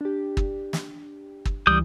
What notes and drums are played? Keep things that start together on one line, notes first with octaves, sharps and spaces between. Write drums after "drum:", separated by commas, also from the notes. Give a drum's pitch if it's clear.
D4 G4
drum: kick
drum: snare
drum: kick
C#2 E3 G3 D#6 G6